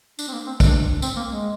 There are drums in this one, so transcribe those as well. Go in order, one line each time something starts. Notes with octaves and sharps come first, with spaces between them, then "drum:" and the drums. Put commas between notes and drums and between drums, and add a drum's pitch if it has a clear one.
D4, drum: tambourine
C4
A#3
C4
D4, drum: kick, tambourine
C4, drum: tambourine
A#3
G#3